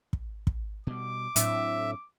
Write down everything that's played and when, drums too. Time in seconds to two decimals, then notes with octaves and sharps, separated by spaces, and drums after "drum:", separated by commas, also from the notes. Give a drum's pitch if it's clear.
0.13 drum: kick
0.47 drum: kick
0.87 B2 G3 D6
1.36 A2 F#3 C4 D4 E5, drum: hi-hat